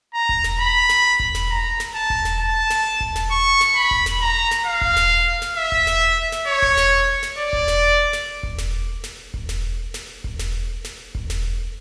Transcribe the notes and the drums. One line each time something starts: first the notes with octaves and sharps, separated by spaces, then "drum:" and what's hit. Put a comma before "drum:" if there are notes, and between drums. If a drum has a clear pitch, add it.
A#5
drum: kick E1
drum: snare
B5
drum: snare
drum: kick E1
drum: snare
A#5
drum: snare
A5
drum: kick E1
drum: snare
A5
drum: snare
drum: kick E1
drum: snare
C#6
drum: snare
B5
drum: kick E1
drum: snare
A#5
drum: snare
F5
drum: kick E1
drum: snare
drum: snare
E5
drum: kick E1
drum: snare
drum: snare
C#5
drum: kick E1
drum: snare
drum: snare
D5
drum: kick E1
drum: snare
drum: snare
drum: kick E1
drum: snare
drum: snare
drum: kick E1
drum: snare
drum: snare
drum: kick E1
drum: snare
drum: snare
drum: kick E1
drum: snare